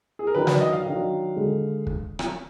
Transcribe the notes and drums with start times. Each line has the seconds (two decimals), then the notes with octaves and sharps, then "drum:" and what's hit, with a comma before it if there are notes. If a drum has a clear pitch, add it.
0.19 G#4
0.27 A#4
0.35 D#3 F#3 D4 B4
0.47 D5, drum: snare
0.61 D#5
0.73 F5
0.86 D#3 F#3 D4
1.36 D3 G#3
1.87 drum: kick
2.19 drum: rim click